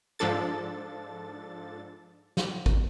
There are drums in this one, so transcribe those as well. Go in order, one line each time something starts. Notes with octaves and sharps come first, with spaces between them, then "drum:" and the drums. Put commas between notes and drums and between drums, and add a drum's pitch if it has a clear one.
G#2 F3 D4 A4 A6
drum: snare
drum: kick G#1